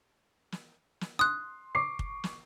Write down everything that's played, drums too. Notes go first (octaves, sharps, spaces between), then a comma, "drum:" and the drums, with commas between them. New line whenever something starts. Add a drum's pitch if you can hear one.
drum: snare
drum: snare
C6 D#6 F#6
C#6 D6 C7
drum: kick
drum: snare